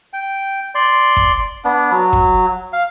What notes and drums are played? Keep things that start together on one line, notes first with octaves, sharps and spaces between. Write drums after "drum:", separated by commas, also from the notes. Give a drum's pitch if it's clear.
G5
D5 C6
drum: kick
B3 D4
F#3
drum: kick
F5